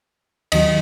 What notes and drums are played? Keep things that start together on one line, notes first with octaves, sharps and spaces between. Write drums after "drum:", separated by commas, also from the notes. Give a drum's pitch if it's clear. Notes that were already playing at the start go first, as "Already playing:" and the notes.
D#2 D#3 F#3 D#5, drum: cymbal